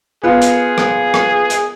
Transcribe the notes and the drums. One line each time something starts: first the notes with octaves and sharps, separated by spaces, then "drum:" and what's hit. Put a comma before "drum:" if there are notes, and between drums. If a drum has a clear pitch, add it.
B3 F4 G#4
drum: hi-hat
drum: rim click
drum: rim click
drum: hi-hat